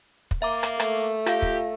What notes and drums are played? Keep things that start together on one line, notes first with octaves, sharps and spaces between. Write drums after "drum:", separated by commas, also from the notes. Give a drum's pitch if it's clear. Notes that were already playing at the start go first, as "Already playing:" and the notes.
drum: kick
A#3 E5 A#5 D6
drum: rim click
A3, drum: rim click
F4 G4 F5, drum: rim click
drum: kick